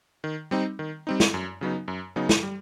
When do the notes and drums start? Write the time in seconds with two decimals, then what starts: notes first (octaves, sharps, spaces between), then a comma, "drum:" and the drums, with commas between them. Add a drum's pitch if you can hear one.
0.24 D#3
0.51 G3 C4 D#4
0.79 D#3
1.07 G3 C4 D#4
1.20 drum: snare
1.34 F#2
1.61 C#3 F#3 B3 D#4
1.88 F#2
2.16 C#3 F#3 B3 D#4
2.29 drum: snare
2.43 G3